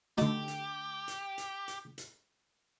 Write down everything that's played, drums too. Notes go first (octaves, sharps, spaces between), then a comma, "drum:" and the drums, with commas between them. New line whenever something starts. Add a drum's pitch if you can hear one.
D3 A3 D#4 F#4 G4, drum: hi-hat
drum: hi-hat
drum: hi-hat
drum: hi-hat
drum: hi-hat
drum: hi-hat